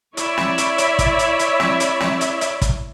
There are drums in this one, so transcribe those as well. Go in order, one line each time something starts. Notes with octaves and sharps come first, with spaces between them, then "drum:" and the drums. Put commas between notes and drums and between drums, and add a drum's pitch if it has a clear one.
E4 C#5 D5 E5, drum: hi-hat
drum: snare
drum: hi-hat
drum: hi-hat
drum: kick, hi-hat
drum: hi-hat
drum: hi-hat
drum: snare
drum: hi-hat
drum: snare
drum: hi-hat
drum: hi-hat
drum: kick, hi-hat